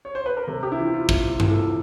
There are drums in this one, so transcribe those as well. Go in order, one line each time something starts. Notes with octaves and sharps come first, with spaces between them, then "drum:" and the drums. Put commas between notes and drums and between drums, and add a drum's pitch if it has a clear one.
C#5
C5
B4
A#4
C3 A4
G4
E4
E3 F4
F4
C3 E4, drum: kick
F4
E3, drum: tom G2
A4